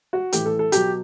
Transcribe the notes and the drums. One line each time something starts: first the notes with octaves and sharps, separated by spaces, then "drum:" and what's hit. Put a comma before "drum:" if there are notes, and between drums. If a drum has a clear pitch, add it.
F#4
A2 E3 G4, drum: hi-hat
A4
A4
B2 F#3 G4, drum: hi-hat